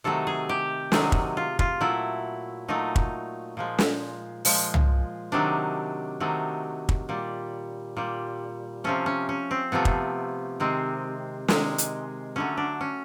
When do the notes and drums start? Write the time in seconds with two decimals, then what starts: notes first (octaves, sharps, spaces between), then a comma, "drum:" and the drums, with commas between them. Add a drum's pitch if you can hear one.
0.04 C3 D#3 F#3 A3 A4
0.27 G#4
0.49 G4
0.92 C3 D#3 F#3 A3 G#4, drum: snare
1.12 drum: kick
1.37 F4
1.59 F4, drum: kick
1.81 A#2 F#3 A3 E4
2.68 A#2 F#3 A3 D#4
2.96 drum: kick
3.57 A#2 F3 G#3
3.79 drum: snare
4.45 A#2 F3 G#3, drum: open hi-hat
4.74 drum: tom C2
5.32 C3 D#3 F#3 A3 D4
6.20 C3 D#3 F#3 A3
6.89 drum: kick
7.09 A#2 G3
7.97 A#2 G3
8.84 C3 F3 A3 C#4
9.06 C#4
9.29 C#4
9.51 C4
9.72 C3 F3 A3 B3
9.85 drum: kick
10.60 C3 D#3 G#3 C4
11.48 C3 D#3 G#3, drum: snare
11.78 drum: hi-hat
12.36 D3 F#3 A3 C#4
12.57 D4
12.81 C#4